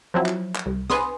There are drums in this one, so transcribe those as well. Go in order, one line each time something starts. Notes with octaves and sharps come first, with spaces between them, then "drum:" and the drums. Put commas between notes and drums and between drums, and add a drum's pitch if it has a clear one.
F3 F#3 C4 E4
drum: clap
drum: clap
C2
B4 G#5 C6 D#6, drum: snare C5